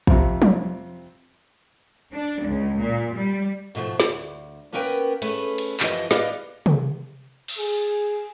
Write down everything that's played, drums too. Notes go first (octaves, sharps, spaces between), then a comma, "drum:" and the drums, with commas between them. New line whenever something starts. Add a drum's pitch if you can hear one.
F2 C3, drum: kick
drum: tom F3
D4
C#2
A#2
G3
G#2 B2 F3 A3
D2 G2, drum: snare
A#3 B3 C#4 A#4 B4 G5
A3 C#4 G#4 B4, drum: cymbal
drum: cymbal
F#2 E3 F3 G4 B4 D#5, drum: clap
B3 G4 B4 D5 D#5 F5, drum: snare
drum: tom C3
drum: cymbal
G#4